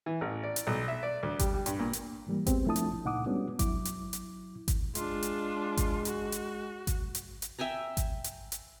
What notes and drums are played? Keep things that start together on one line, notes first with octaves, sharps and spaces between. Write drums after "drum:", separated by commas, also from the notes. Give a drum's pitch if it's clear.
E3
A1
D5
drum: hi-hat
B1
E5
D5
D2
G3, drum: kick G#1, hi-hat
G3
G2, drum: hi-hat
A#2
drum: hi-hat
G#2 E3 G3 A#3
G#3 B3 C4 G4, drum: kick G#1, hi-hat
F3 A3 D4 E4 A5 D#6
drum: hi-hat
C#2 A#2 D#4 F#5 D6 D#6
G3 G#3 B3 C#4 D4 F#4
F#3 E4 D6, drum: kick G#1, hi-hat
drum: hi-hat
drum: hi-hat
drum: kick G#1, hi-hat
G#3 D4 F4, drum: hi-hat
drum: hi-hat
drum: kick G#1, hi-hat
F#4, drum: hi-hat
drum: hi-hat
drum: kick G#1, hi-hat
drum: hi-hat
drum: hi-hat
E5 G5 G#5 A#5
drum: kick G#1, hi-hat
drum: hi-hat
drum: hi-hat